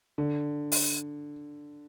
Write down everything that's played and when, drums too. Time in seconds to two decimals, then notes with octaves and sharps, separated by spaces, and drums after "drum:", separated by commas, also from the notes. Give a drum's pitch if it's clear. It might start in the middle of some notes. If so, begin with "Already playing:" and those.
0.18 D3
0.72 drum: open hi-hat